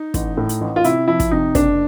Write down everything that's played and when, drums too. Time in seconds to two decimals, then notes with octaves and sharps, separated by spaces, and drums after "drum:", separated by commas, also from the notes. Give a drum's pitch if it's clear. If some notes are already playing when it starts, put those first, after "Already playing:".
Already playing: D#4
0.14 A1, drum: kick, hi-hat
0.37 A2
0.49 drum: hi-hat
0.61 A1
0.76 F4
0.84 C3 E4, drum: hi-hat
1.08 F3 E4
1.20 drum: kick, hi-hat
1.31 C3 D#4
1.55 F#1 D4, drum: kick, hi-hat